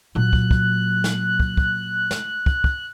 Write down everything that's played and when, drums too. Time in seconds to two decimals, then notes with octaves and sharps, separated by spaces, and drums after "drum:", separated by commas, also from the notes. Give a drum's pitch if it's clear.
0.15 A#2 F#3 F#6
0.33 drum: kick
0.51 drum: kick
1.04 drum: snare
1.40 drum: kick
1.57 drum: kick
2.11 drum: snare
2.46 drum: kick
2.64 drum: kick